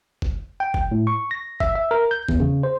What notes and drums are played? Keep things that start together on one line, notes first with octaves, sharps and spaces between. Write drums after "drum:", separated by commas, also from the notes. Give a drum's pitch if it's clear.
drum: kick F#1
G5
drum: kick F#1
A2
C#6
A#6
E5, drum: kick F#1
E5
A#4
G6
E2, drum: kick F#1
C#3
C5